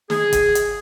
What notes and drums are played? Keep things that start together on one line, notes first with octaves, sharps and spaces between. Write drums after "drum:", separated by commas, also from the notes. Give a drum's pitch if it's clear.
G#4, drum: snare
drum: kick, hi-hat
drum: hi-hat